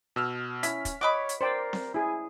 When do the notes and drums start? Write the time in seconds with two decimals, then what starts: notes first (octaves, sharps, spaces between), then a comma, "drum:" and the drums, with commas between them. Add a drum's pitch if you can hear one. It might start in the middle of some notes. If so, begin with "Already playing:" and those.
0.16 B2 E6 F6
0.63 C#4 E4 B6, drum: hi-hat
0.85 drum: kick, hi-hat
1.01 F#4 C#5 D#5 B5 D6
1.29 drum: hi-hat
1.41 A#4 C5 D5 G5
1.73 drum: snare C4
1.94 E4 G#4 G#5